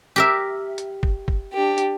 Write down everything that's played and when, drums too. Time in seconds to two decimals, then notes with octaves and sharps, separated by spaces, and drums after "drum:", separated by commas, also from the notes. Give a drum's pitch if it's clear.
0.16 G4 A#4 E5
0.78 drum: hi-hat
1.03 drum: kick
1.28 drum: kick
1.53 D4 G4
1.78 drum: hi-hat